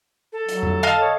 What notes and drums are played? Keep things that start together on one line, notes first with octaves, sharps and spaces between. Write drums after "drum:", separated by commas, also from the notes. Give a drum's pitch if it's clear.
A4
F#3, drum: hi-hat
drum: tom F2
D#5 F5 A5
C#5